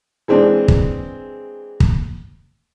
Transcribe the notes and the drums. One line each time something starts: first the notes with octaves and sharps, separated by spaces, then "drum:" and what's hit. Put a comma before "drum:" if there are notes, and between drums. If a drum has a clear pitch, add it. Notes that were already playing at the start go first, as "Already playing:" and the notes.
E3 G#3 C4 D4
drum: kick
drum: kick